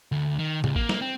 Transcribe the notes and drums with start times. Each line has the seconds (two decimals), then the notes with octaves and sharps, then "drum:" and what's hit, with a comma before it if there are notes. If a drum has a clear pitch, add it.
0.12 D2
0.39 D#3
0.64 C#2, drum: tom
0.76 A#3, drum: kick A1
0.89 drum: snare
1.02 C4